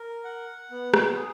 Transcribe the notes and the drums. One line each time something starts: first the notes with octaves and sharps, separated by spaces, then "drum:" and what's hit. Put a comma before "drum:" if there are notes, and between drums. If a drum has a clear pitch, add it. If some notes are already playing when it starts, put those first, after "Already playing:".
Already playing: A#4
F#5
B3
drum: rim click
G#4